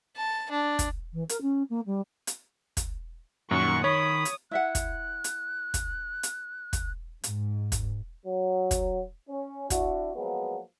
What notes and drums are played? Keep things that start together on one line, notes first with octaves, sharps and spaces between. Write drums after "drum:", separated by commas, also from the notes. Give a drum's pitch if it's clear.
A5
D4
drum: kick, hi-hat
E3
A#4, drum: hi-hat
C#4
A#3
G3
drum: hi-hat
drum: kick, hi-hat
F#2 A#2 D#3 F#5 C#6
D#3 C#5 B5 D#6
drum: hi-hat
E4 E5 F#5 F#6
drum: kick, hi-hat
drum: hi-hat
drum: kick, hi-hat
drum: hi-hat
drum: kick, hi-hat
G#2, drum: hi-hat
drum: kick, hi-hat
F#3
drum: kick, hi-hat
C#4
D4 E4 F#4, drum: kick, hi-hat
F3 F#3 G#3 A#3 B3